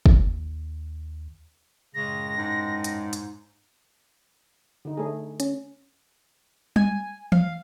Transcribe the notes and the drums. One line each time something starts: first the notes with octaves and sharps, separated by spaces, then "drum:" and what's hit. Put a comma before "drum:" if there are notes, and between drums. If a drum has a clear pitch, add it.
D#2, drum: kick
F#2 A2 C#3 G#3 A#6
G#2
drum: hi-hat
drum: hi-hat
D3 D#4
D3 A3 G#4
C#4, drum: hi-hat
G#5, drum: tom G3
F5, drum: tom E3